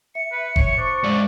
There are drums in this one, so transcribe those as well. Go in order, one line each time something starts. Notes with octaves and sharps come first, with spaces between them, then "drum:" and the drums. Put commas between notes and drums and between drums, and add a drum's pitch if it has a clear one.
E5 C#7
B4
C#5, drum: kick F#1
D4 C5 C#6
G#2 D5